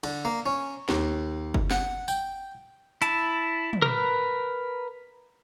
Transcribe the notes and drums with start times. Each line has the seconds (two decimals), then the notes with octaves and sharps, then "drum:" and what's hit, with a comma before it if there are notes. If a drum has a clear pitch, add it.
0.03 D3, drum: cymbal
0.25 A#3
0.46 C#4
0.89 D#2, drum: snare
1.54 drum: kick
1.71 F#5, drum: snare
2.08 G5, drum: tambourine
3.02 E4 A5, drum: hi-hat
3.73 drum: tom
3.82 A#4 B4